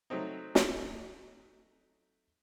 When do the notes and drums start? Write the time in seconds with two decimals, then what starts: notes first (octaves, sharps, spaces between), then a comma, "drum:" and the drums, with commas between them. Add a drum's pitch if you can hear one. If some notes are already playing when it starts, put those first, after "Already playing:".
0.10 F#3 A3 C4 D#4
0.55 drum: snare